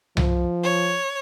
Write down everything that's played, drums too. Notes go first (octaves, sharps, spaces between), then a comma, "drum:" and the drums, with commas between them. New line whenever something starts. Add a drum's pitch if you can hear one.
F3, drum: tom C2
C#5